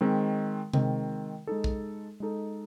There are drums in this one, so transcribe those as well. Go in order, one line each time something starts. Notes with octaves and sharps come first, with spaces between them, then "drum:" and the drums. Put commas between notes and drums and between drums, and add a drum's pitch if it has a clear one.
D#3 G#3 C4
D#3 G#3 C4, drum: tom C3
G#3 D#4 A4
drum: kick
G#3 D#4 A4